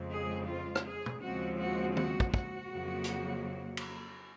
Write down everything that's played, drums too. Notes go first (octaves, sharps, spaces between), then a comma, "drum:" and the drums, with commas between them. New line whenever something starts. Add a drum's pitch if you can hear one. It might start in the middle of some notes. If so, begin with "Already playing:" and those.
Already playing: F2 C#3 G#3 C4
G#4
F4
drum: rim click
G#4
drum: tom
D#2 C#3 F3 G#3 C4 F#4
F#4
F#4, drum: tom
drum: kick
F#4, drum: kick
F2 C#3 F#3 A#3
drum: hi-hat
drum: cymbal